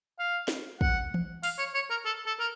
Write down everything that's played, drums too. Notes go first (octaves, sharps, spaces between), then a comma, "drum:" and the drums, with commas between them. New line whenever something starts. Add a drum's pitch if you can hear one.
F5
drum: snare
F#5, drum: kick
drum: tom E3
F5, drum: open hi-hat
C#5
C#5
A#4
A4
A4
A#4